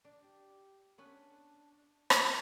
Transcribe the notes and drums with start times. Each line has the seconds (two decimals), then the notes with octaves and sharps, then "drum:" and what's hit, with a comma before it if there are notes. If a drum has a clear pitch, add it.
0.05 D4
0.23 G4
0.98 B3 C#4 D4 B4
2.10 drum: rim click